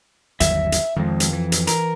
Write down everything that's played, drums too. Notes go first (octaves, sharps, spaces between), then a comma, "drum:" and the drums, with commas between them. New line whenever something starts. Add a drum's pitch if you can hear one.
G1 D#2 F#3 E5, drum: hi-hat
drum: hi-hat
F2 D#3 G#3
drum: hi-hat
E3
drum: hi-hat
A#4, drum: hi-hat